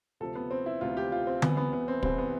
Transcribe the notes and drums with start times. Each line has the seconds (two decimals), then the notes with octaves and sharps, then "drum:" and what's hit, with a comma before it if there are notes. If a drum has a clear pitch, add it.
0.20 D2 C3 F3 A4
0.35 B3
0.51 C4
0.66 E4
0.81 D2 C3 F3 F4
0.97 G4
1.12 F4
1.27 C4
1.42 C2 C3 E3 B3, drum: tom D3
1.57 B3
1.73 B3
1.88 C4
2.03 C2 C3 E3 C4, drum: kick
2.18 B3